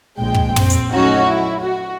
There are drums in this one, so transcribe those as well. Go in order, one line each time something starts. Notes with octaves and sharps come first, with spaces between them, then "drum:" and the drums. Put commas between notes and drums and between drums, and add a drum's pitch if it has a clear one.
A#1 G#3 G5
drum: kick
C4, drum: tom
drum: hi-hat
F#3 A3 C#4 D#4 F#4
E4
F#4